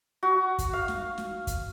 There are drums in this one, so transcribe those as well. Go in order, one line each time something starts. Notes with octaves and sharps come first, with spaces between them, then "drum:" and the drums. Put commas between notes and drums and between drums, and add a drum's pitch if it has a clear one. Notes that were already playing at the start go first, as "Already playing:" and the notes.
F#4
drum: kick, hi-hat
F5
drum: snare
drum: snare
drum: kick, hi-hat